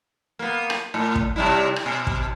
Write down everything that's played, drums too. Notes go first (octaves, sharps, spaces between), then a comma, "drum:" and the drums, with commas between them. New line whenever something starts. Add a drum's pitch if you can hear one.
A#3 B3
drum: rim click
A2
drum: kick
C3 G3 E4
drum: rim click
B2
drum: kick